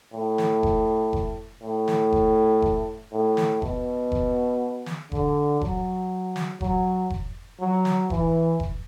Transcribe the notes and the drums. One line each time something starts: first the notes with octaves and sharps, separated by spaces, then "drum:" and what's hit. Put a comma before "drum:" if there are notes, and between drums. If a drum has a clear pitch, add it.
A2
drum: snare
drum: kick F1
drum: kick F1
A2
drum: snare
drum: kick F1
drum: kick F1
A2
drum: snare
B2, drum: kick F1
drum: kick F1
drum: snare
D3, drum: kick F1
F#3, drum: kick F1
drum: snare
F#3, drum: kick F1
drum: kick F1
F#3
drum: snare
E3, drum: kick F1
drum: kick F1